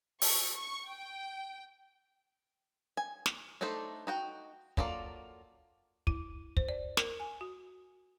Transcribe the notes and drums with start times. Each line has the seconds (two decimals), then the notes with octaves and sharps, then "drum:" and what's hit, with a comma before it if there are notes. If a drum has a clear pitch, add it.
0.22 C#6, drum: open hi-hat
0.55 C#6
0.88 G5
2.97 G#5
3.26 drum: snare
3.61 A3 D4 D#4 A4 C5
4.07 D#4 F#4 G5
4.77 F#3 A#3 F4 A4 D5, drum: kick
6.07 E4, drum: kick
6.57 C5, drum: kick
6.69 D5
6.97 A#4, drum: snare
7.20 G#5
7.41 F#4